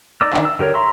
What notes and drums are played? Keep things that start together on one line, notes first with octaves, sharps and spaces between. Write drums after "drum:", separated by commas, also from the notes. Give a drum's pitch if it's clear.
D#4 D5 D6 E6
D#3 D4, drum: clap
E6
D3 G4 A#4 C#5
E5 A#5 C6 C#6 E6